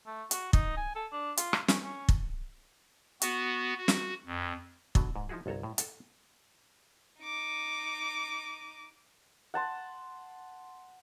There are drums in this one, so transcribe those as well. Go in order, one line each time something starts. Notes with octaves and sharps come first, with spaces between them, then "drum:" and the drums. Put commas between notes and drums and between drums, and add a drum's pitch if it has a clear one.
A3
F#4, drum: hi-hat
D#4, drum: kick
G#5
A4
D4
F4, drum: hi-hat
drum: rim click
C#4, drum: snare
C#4
drum: kick
B3 F#4, drum: hi-hat
F#4
drum: snare
F2
B2 D3 F#3, drum: kick
G#2
F3 D#4 E4 F#4 G#4
G1 C2 A4 C#5 A#5
A2
A4 F#5 A5, drum: hi-hat
D#4 D6
F#5 A5 C6